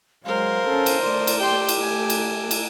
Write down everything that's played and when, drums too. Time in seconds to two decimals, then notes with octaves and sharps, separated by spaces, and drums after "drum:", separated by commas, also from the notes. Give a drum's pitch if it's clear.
0.25 F#3 G#3 A#4 C5 F5
0.67 C#4 A4
0.86 drum: cymbal
1.03 A3 D5 C6
1.27 drum: cymbal
1.39 G4 G5 C6
1.68 drum: cymbal
1.81 A3 G#5
2.10 drum: cymbal
2.51 drum: cymbal